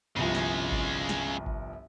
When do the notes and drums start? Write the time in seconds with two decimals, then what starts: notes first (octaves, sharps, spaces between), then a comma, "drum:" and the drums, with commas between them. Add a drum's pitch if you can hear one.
0.16 G1 C2 C#3 F3 G#3
0.35 drum: snare
0.72 drum: kick G#1
1.09 drum: snare
1.46 drum: kick G#1